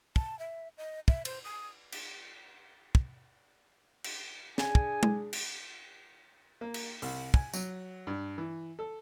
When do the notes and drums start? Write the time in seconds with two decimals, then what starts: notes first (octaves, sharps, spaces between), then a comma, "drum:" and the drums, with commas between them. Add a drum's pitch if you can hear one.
0.16 A5, drum: kick
0.39 E5
0.77 D#5
1.08 E5, drum: kick
1.25 C5, drum: cymbal
1.44 D#6
1.92 drum: cymbal
2.95 drum: kick
4.04 drum: cymbal
4.58 D4 G#4 G#5, drum: snare
4.75 drum: kick
5.03 drum: tom
5.33 drum: cymbal
6.61 A#3
6.74 drum: cymbal
7.02 C2, drum: open hi-hat
7.34 G#5, drum: kick
7.53 F#3, drum: tambourine
8.07 G2
8.38 E3
8.79 A4